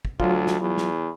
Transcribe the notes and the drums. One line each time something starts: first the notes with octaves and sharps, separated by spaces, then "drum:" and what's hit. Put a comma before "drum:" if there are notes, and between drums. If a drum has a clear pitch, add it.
drum: kick
D2 F#3 F4, drum: kick
drum: snare
E2
drum: snare